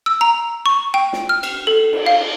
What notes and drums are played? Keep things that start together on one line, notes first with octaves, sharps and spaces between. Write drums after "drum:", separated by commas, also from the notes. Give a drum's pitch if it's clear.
E6
A#5
C#6
G5
drum: snare
F6
drum: cymbal
A4
drum: cymbal
F5